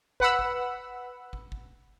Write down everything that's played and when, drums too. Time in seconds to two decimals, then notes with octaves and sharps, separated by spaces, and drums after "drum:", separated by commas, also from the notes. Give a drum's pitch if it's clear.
0.20 B4 F#5 B5 E6, drum: kick
0.39 drum: kick
1.33 drum: kick
1.52 drum: kick